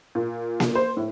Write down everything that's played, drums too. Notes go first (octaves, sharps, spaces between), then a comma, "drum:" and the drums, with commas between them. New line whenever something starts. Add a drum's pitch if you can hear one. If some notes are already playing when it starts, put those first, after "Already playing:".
A#2
drum: snare A#3
C5
A2